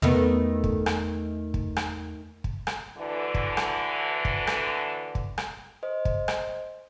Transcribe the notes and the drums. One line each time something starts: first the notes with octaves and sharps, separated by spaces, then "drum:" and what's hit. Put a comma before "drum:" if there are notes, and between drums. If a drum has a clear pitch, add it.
E2 D#3 A3 B3
drum: kick
drum: rim click
drum: kick
drum: rim click
drum: kick
drum: rim click
D2 D3 E3
drum: kick
drum: rim click
drum: kick
drum: rim click
drum: kick
drum: rim click
C5 D#5
drum: kick
drum: rim click